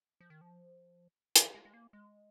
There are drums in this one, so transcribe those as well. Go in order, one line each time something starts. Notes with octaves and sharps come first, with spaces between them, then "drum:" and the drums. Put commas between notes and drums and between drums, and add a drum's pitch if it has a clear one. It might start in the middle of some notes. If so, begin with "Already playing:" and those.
F3
D#3
F3
F3, drum: hi-hat
G#3
G#3
A#3
G#3